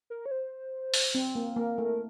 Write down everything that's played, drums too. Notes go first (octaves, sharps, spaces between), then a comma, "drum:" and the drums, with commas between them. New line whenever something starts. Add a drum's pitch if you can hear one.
A#4
C#5
C5
drum: open hi-hat
C4
A#3
A#3 A#4
A3